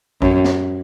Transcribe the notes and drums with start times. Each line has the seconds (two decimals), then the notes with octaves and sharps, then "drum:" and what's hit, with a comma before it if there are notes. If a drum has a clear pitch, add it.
0.22 F#2, drum: kick
0.44 drum: snare